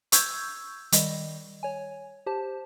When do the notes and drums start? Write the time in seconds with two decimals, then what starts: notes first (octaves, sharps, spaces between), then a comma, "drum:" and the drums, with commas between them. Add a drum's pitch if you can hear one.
0.12 C#6 E6 G6 G#6, drum: hi-hat
0.92 D#3 G3 D#5, drum: hi-hat
1.63 C#5 G#5
2.26 G4 C5 A5